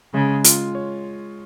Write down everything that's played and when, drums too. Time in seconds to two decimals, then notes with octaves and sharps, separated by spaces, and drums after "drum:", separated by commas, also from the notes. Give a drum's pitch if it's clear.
0.13 C#3 G#3
0.44 F4, drum: hi-hat
0.75 C#5